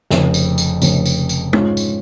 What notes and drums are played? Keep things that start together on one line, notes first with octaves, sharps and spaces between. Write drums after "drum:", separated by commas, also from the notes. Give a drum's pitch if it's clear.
F1 F2 C#3, drum: snare
drum: tambourine
drum: tambourine
F1 F2 C#3, drum: tambourine
drum: tambourine
drum: tambourine
G#2 G#3 C#4 F4, drum: tom
drum: tambourine